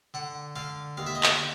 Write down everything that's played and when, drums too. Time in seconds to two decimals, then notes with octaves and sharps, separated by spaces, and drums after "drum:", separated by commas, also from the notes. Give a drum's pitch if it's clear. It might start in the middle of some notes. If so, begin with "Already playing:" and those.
0.14 D3 F#5
0.56 D3 F5
0.97 D#2 F5
1.06 E5
1.15 D#5
1.23 E5, drum: clap